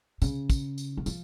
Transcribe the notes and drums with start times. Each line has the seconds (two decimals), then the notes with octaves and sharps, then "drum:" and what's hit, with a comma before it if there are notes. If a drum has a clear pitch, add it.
0.22 C#3, drum: tambourine
0.50 drum: kick, tambourine
0.78 drum: tambourine
0.97 D#3
1.06 F3, drum: tambourine